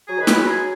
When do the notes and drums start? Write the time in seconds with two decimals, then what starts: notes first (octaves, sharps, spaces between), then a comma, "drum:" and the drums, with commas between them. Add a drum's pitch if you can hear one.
0.08 F#3 G#4
0.19 D#3 B4
0.27 G#3, drum: snare
0.35 F#3 B4
0.47 G#4